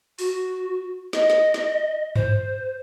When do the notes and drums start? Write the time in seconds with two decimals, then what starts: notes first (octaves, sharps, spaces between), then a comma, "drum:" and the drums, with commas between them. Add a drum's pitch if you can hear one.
0.19 F#4, drum: open hi-hat
1.13 D#5, drum: snare
1.30 drum: snare
1.54 drum: snare
2.16 C5, drum: tom G2